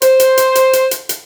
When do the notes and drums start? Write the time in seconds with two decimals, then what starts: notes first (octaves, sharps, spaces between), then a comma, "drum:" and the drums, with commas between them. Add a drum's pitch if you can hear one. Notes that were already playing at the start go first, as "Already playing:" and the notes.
0.02 C5, drum: hi-hat
0.20 drum: hi-hat
0.37 drum: hi-hat
0.55 drum: hi-hat
0.73 drum: hi-hat
0.91 drum: hi-hat
1.09 drum: hi-hat